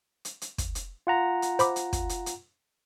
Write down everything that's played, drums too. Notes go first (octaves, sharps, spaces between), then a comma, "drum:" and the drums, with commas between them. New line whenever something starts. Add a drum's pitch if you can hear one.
drum: hi-hat
drum: hi-hat
drum: kick, hi-hat
drum: hi-hat
F4 F#5 A#5
drum: hi-hat
C5 B5 D6, drum: hi-hat
drum: hi-hat
drum: kick, hi-hat
drum: hi-hat
drum: hi-hat